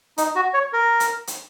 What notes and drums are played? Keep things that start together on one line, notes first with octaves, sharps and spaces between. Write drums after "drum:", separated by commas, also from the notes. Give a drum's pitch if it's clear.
D#4, drum: hi-hat
F#4
C#5
A#4
drum: hi-hat
drum: hi-hat